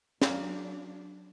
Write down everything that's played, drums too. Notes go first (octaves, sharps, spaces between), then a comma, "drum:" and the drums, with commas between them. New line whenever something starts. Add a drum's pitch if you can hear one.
C#3 F#3 A#3 D4, drum: snare